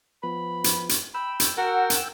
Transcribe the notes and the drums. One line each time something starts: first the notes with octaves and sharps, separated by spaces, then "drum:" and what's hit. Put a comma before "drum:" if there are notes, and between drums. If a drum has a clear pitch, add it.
F3 B3 B5
drum: hi-hat
drum: hi-hat
G5 B5 E6
drum: hi-hat
F#4 A#4 F#5
drum: hi-hat